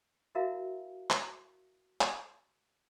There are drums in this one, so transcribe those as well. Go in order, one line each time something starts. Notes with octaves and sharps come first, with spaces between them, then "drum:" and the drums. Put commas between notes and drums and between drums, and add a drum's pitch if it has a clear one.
E4 F#4 A#4 E5 F5 A#5
drum: clap
drum: clap